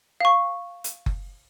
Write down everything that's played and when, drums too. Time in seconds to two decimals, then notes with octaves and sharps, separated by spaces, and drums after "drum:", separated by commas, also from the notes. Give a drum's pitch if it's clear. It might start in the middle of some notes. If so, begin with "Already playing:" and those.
0.21 F5 C#6
0.84 drum: hi-hat
1.06 drum: kick F#1